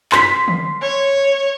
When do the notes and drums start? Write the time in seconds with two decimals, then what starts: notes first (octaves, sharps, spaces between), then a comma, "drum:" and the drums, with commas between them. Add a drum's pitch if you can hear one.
0.12 C6 B6, drum: clap
0.48 drum: tom D3
0.82 C#5